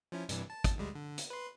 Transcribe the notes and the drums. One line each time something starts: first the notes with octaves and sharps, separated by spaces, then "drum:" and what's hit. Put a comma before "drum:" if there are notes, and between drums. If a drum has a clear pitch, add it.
F3 C#4 E4
G2 C3 E3, drum: hi-hat
A5
drum: kick, hi-hat
D2 G3 G#3
D3
drum: hi-hat
B4 C6